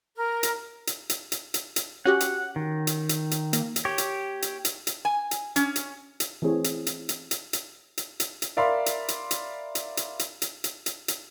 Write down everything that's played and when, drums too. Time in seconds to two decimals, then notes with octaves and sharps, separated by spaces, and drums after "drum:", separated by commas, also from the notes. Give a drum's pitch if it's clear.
0.15 A#4
0.43 drum: hi-hat
0.87 drum: hi-hat
1.09 drum: hi-hat
1.32 drum: hi-hat
1.54 drum: hi-hat
1.76 drum: hi-hat
2.05 C#4 F#4 G4 F#5
2.20 drum: hi-hat
2.56 D#3
2.87 drum: hi-hat
3.09 drum: hi-hat
3.31 drum: hi-hat
3.53 A#3, drum: hi-hat
3.76 drum: hi-hat
3.85 G4 C#5
3.98 drum: hi-hat
4.42 drum: hi-hat
4.65 drum: hi-hat
4.87 drum: hi-hat
5.05 G#5
5.31 drum: hi-hat
5.56 C#4, drum: hi-hat
5.76 drum: hi-hat
6.20 drum: hi-hat
6.42 E3 A3 C4 G#4 C#5
6.64 drum: hi-hat
6.87 drum: hi-hat
7.09 drum: hi-hat
7.31 drum: hi-hat
7.53 drum: hi-hat
7.97 drum: hi-hat
8.20 drum: hi-hat
8.42 drum: hi-hat
8.57 A#4 D5 E5 F5 B5 C6
8.86 drum: hi-hat
9.08 drum: hi-hat
9.31 drum: hi-hat
9.75 drum: hi-hat
9.97 drum: hi-hat
10.19 drum: hi-hat
10.42 drum: hi-hat
10.64 drum: hi-hat
10.86 drum: hi-hat
11.08 drum: hi-hat